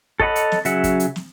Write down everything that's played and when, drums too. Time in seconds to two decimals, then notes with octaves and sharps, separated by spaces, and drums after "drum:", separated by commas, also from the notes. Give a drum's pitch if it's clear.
0.20 A4 C#5 D#5 F#5 B5, drum: kick
0.36 drum: hi-hat
0.52 drum: snare
0.65 C#3 F#3 E5 F#5, drum: hi-hat
0.84 drum: kick, hi-hat
1.00 drum: hi-hat
1.16 drum: snare